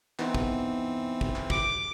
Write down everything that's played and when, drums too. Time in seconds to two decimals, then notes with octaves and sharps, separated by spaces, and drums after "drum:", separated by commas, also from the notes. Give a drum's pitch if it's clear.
0.19 E3 B3 C4 D#4, drum: clap
0.35 drum: kick
1.21 drum: kick
1.36 drum: clap
1.50 D6, drum: kick